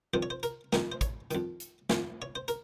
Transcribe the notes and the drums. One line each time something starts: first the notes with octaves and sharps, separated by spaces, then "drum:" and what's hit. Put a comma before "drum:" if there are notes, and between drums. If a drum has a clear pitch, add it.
F2 D#3 C5
C#5
C5
A#4, drum: hi-hat
F2 D#3 A#4, drum: snare
C5
C#5, drum: kick, hi-hat
F2 D#3, drum: hi-hat
drum: hi-hat
F2 D#3, drum: snare
C#5
C5
A#4, drum: hi-hat